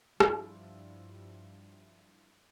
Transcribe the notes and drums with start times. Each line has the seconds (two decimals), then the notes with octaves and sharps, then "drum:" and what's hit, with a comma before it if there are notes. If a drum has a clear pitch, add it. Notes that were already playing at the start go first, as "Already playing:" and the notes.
0.20 G2 F3 G3 D4 E4 F4, drum: rim click